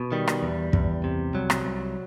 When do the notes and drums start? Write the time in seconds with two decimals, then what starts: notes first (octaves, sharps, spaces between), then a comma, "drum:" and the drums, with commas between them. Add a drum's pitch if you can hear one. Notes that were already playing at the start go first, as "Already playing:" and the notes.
Already playing: B2
0.12 D#3 G3
0.27 drum: rim click
0.43 E2
0.73 E2, drum: kick
1.04 C3
1.34 C2 F#3
1.50 drum: rim click
1.65 C2